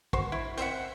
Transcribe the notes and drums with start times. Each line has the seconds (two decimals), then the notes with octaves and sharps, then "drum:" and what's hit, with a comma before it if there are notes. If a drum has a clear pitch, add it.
0.13 F#4 C5, drum: kick
0.32 E4
0.57 C4 C5 E5 F#5, drum: hi-hat